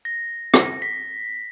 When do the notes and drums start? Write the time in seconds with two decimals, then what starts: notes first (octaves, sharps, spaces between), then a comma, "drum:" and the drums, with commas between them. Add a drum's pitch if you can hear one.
0.05 A#6
0.54 drum: rim click
0.82 B6